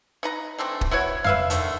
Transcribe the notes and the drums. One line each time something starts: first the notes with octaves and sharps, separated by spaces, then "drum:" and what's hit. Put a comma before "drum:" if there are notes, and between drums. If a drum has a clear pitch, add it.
D#4 B4 A#5
E3 A3 C4 D4
drum: kick D#1
B3 E4 F#4 C#5
B4 E5 F5, drum: tom F2
D3 D#3 A3, drum: hi-hat